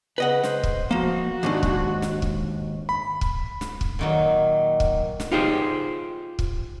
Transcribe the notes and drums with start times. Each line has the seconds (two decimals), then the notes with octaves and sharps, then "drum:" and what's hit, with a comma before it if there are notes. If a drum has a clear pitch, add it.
0.18 C#3 B4 D#5 F#5
0.43 C5, drum: snare
0.63 drum: kick
0.91 F3 A#3 F#4
1.43 D#2 G#2 D4
1.63 drum: kick
2.02 drum: snare
2.22 drum: kick
2.89 B5
3.21 drum: kick
3.61 drum: snare
3.81 drum: kick
3.99 A#2 D#3 F#3
4.80 drum: kick
5.20 drum: snare
5.32 D#4 F4 G4 G#4 C5
6.39 drum: kick